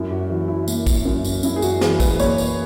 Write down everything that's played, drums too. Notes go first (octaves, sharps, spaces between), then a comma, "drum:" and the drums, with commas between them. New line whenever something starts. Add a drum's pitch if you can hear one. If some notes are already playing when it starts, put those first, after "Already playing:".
Already playing: F#2 E4
F#4
E3 F#4
E4
A#3, drum: tambourine
drum: kick, tambourine
F#2
drum: tambourine
F#2 E4, drum: tambourine
G#4
F#4, drum: tambourine
E3 G#4, drum: snare
B4, drum: kick, tambourine
A#3 C#5, drum: tambourine
drum: tambourine